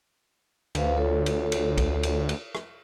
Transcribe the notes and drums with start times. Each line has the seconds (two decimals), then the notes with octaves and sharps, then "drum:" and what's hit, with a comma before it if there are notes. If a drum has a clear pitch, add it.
0.75 D2 B4 C5 F5, drum: cymbal
0.97 F4 A4 C#5
1.26 drum: cymbal
1.52 drum: cymbal
1.78 drum: kick, cymbal
2.03 drum: cymbal
2.29 drum: cymbal
2.55 drum: rim click